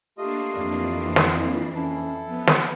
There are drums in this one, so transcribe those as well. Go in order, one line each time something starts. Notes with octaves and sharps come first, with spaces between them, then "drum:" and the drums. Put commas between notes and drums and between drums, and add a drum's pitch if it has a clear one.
A3 A#3 D4 F4 G4 D#5 C7
F2 E3
drum: snare
C#4 E4 A4
F3 B3
drum: snare